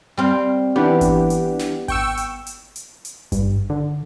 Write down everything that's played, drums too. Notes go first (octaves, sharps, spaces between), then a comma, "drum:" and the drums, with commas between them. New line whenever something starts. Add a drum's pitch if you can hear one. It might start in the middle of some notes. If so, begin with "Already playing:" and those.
G3 C4 F5
E3 B3 D4 G4
drum: kick G#1, hi-hat
drum: hi-hat
drum: snare
G5 C#6 E6, drum: kick G#1, open hi-hat
drum: hi-hat
drum: hi-hat
drum: hi-hat
drum: hi-hat
G2, drum: kick G#1, hi-hat
D3